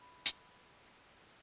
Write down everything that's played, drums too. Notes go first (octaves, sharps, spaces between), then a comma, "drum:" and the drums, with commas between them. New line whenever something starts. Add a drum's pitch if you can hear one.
B5
drum: hi-hat